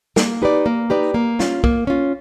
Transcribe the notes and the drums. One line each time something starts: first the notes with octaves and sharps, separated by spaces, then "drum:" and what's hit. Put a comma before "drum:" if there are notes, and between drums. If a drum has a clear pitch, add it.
A#3, drum: snare
D#4 G4 B4 D5
A#3
D#4 G4 B4 D5
A#3
C#4 F4, drum: snare
A#3, drum: kick
C#4 F4